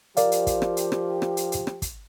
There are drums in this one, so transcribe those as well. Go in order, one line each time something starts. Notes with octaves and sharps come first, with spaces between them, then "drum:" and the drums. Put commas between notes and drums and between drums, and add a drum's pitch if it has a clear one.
F3 G4 A#4 D5 F5, drum: hi-hat
drum: hi-hat
drum: kick, hi-hat
drum: rim click
drum: hi-hat
drum: rim click
drum: rim click
drum: hi-hat
drum: hi-hat
drum: rim click
drum: kick, hi-hat